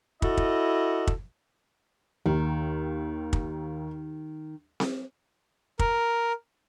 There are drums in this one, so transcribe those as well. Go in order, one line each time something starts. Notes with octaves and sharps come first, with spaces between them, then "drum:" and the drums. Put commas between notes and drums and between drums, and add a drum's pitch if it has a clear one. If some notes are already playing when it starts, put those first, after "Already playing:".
E4 F#4 A4 D#5, drum: kick
drum: kick
drum: kick
D#2 D#3
drum: kick
drum: snare C4
A#4, drum: kick